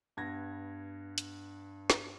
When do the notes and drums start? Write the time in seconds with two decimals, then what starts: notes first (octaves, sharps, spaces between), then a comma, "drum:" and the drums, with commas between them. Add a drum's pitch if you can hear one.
0.17 G2 B3 G#6 A#6
1.18 drum: hi-hat
1.90 drum: snare